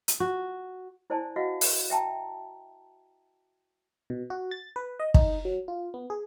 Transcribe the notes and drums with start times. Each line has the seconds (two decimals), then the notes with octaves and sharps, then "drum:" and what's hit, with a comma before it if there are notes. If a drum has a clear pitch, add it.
0.08 drum: hi-hat
0.20 F#4
1.10 E4 C5 D5 G#5 A5
1.36 F#4 D#5 F5 F#5
1.61 drum: open hi-hat
1.90 E5 G5 A5 A#5
4.10 B2
4.30 F#4
4.51 A6
4.76 B4
5.00 D#5
5.14 D#4, drum: kick
5.45 F#3
5.68 F4
5.94 B3
6.10 G#4